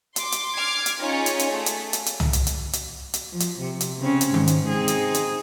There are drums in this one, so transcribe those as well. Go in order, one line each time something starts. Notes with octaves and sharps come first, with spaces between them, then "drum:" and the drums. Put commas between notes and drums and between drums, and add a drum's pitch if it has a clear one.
C6 D6, drum: hi-hat
drum: hi-hat
D6 F6 G#6 C7 D7
drum: hi-hat
C#4 D#4 F4 G#4 C#5
drum: hi-hat
drum: hi-hat
A3 G#4
drum: hi-hat
drum: hi-hat
drum: hi-hat
drum: tom
drum: hi-hat
drum: hi-hat
drum: hi-hat
drum: hi-hat
F3
drum: hi-hat
C3
drum: hi-hat
C#3 C4 C#4
drum: hi-hat
G#2, drum: tom D#3
drum: hi-hat
C4 D#4 G#4
drum: hi-hat
drum: hi-hat